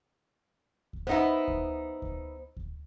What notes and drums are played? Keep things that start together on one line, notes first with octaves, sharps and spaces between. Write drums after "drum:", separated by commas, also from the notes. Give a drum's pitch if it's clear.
drum: kick D2
B3 D#4 E4 C5 F#5
drum: kick D2
drum: kick D2
drum: kick D2